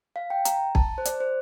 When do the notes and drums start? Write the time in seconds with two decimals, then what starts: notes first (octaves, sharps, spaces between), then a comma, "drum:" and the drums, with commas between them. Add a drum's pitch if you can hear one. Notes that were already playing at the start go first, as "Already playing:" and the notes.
0.16 F5
0.30 G5
0.45 A#5, drum: hi-hat
0.75 A5, drum: kick
0.98 C5
1.05 D5, drum: hi-hat
1.20 C5